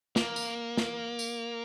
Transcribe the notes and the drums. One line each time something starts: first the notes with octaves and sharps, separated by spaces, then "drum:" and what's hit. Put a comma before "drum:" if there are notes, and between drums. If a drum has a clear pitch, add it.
A#3, drum: snare
drum: tambourine
drum: snare
drum: tambourine